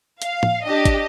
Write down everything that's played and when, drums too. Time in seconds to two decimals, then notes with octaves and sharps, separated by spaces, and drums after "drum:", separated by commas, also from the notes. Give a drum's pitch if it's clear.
0.22 F5, drum: hi-hat
0.43 drum: tom A2
0.64 D4 G4 D#5
0.85 drum: kick, hi-hat